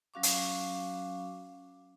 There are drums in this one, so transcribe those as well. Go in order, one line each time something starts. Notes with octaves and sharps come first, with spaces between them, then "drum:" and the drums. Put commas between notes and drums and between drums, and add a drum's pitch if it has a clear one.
F#3 C#4 F#4 F5 C#6 D6
drum: hi-hat